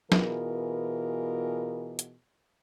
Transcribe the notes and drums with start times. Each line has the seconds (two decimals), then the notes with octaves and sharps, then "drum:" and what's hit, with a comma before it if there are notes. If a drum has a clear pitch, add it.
0.12 B2 E3 F4 G#4 A#4, drum: snare
1.99 drum: hi-hat